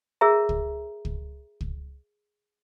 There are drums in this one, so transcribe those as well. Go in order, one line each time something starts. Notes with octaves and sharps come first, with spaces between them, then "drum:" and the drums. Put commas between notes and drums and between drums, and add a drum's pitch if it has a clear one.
G#4 A#4 C#5 E5 A#5
drum: kick
drum: kick
drum: kick